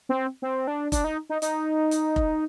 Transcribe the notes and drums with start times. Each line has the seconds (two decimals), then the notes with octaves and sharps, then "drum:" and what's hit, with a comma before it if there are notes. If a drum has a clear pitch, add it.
0.09 C4
0.42 C4
0.67 D4
0.92 D4, drum: kick F1, hi-hat
1.04 D#4
1.29 D#4
1.42 D#4, drum: hi-hat
1.91 drum: hi-hat
2.16 drum: kick F1